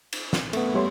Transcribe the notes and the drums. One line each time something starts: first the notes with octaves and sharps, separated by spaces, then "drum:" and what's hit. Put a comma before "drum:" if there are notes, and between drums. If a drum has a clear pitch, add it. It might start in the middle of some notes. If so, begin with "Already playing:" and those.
drum: cymbal
drum: snare
A3 B3, drum: cymbal
G3 C#5 C6